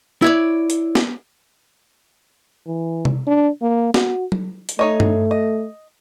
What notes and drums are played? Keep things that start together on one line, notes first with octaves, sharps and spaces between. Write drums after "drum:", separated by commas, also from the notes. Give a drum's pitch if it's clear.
E4 C#5 D5
drum: hi-hat
drum: snare B3
E3
drum: tom C3
D4
A#3
F#4, drum: snare B3
drum: tom F#3
drum: hi-hat
A3 D#4 C#5 D#5
drum: tom G2
D#5